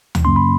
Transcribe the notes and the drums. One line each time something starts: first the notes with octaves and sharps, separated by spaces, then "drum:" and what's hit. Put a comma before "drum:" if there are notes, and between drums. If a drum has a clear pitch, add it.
drum: tom D2
F#2 C#3 F#3 A#3 C#4 C6
B5